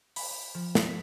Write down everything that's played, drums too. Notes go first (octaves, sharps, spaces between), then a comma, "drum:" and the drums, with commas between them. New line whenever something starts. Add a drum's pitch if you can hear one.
B5, drum: open hi-hat
B5
F3
drum: snare
B6